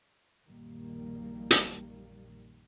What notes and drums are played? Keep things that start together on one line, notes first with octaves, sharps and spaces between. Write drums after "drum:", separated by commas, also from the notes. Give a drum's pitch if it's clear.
A#1 F#2 D#3 G3 A#3
drum: hi-hat